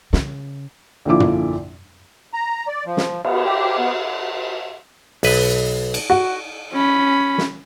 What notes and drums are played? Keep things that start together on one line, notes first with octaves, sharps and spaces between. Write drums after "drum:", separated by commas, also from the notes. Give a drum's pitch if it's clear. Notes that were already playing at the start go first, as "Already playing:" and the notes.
C#3, drum: snare
A#1 A#2 D3 F3 E4 D6
drum: tom
A#5
D5
F3
drum: snare
B3, drum: cymbal
G4
B3
B1 B4, drum: open hi-hat
drum: cymbal
F#4
C#4 B5
drum: snare